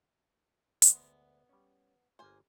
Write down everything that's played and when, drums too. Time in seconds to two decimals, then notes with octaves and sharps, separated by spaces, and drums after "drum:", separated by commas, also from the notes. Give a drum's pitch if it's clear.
0.82 D2 G#3 B3, drum: hi-hat
1.49 G3 C#4
2.19 G1 A#3 G#4 C5 G#5